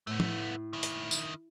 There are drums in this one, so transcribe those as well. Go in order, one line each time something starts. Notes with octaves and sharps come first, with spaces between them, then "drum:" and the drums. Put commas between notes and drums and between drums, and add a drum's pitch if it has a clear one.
A2 A3 B3
drum: tom
D#3 E4
drum: hi-hat
drum: tambourine